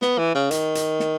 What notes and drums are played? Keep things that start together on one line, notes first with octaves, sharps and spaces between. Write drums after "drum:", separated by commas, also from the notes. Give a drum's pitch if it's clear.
B3, drum: snare
E3
C#3
D#3, drum: hi-hat
drum: hi-hat
drum: snare